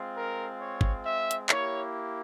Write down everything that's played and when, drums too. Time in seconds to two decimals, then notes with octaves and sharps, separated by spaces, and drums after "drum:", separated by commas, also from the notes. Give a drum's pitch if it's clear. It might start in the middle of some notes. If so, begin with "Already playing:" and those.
Already playing: G#3 C4 F4
0.16 A#4
0.61 C#5
0.81 drum: kick
1.05 E5
1.31 drum: hi-hat
1.49 A#3 E4 G4 C#5, drum: clap